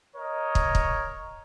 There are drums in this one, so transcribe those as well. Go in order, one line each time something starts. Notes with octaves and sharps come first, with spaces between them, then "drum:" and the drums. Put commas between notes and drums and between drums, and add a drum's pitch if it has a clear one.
A#4 C#5 D#5
drum: kick
drum: kick